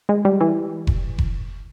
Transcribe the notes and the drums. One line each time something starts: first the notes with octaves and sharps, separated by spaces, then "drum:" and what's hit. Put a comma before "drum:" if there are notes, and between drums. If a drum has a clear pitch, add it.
G#3
G3
E3
drum: kick F1
drum: kick F1